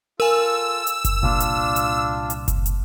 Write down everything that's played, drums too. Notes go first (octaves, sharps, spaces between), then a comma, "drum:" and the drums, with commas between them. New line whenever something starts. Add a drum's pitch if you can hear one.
F4 A4 A#4 G#5 E6
drum: hi-hat
drum: kick F#1, hi-hat
C2 A#2 A#3 D4 F4
drum: hi-hat
drum: hi-hat
drum: hi-hat
drum: kick F#1, hi-hat
drum: hi-hat